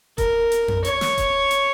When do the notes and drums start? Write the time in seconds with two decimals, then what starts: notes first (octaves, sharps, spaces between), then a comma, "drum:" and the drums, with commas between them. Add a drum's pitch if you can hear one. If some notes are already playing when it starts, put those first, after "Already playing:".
0.18 A#4, drum: kick D#1, hi-hat
0.52 drum: hi-hat
0.68 drum: tom F2
0.85 C#5, drum: hi-hat
1.01 drum: snare
1.18 drum: kick D#1, hi-hat
1.51 drum: hi-hat